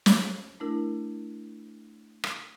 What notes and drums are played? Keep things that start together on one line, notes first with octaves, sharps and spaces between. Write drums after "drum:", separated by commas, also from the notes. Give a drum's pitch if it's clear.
drum: snare
A3 D4 E4 A#4
drum: rim click